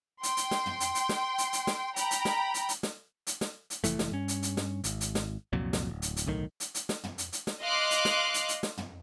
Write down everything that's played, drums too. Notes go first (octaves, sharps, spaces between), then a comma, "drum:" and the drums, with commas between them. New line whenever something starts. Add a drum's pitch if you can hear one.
G5 C6, drum: hi-hat
drum: hi-hat
drum: snare
drum: tom
drum: hi-hat
drum: hi-hat
drum: snare
drum: hi-hat
drum: hi-hat
drum: snare
G5 A#5 B5, drum: hi-hat
drum: hi-hat
drum: snare
drum: hi-hat
drum: hi-hat
drum: snare
drum: hi-hat
drum: snare
drum: hi-hat
F1 E3 A3, drum: hi-hat
drum: snare
G2 C#4
drum: hi-hat
drum: hi-hat
drum: snare
G#1, drum: hi-hat
drum: hi-hat
drum: snare
C2 F2 A#2 F#3
drum: snare
D1
drum: hi-hat
drum: hi-hat
D1 B1 A2 D#3
drum: hi-hat
drum: hi-hat
drum: snare
drum: tom
drum: hi-hat
drum: hi-hat
drum: snare
D#5 F5 C6 D6 F#6
drum: hi-hat
drum: snare
drum: hi-hat
drum: hi-hat
drum: snare
drum: tom